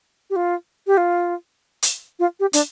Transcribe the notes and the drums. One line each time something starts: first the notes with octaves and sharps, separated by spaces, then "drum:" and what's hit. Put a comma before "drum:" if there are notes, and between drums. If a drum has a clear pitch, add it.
G4
F4
G4
F4
drum: hi-hat
F4
G4
D4, drum: hi-hat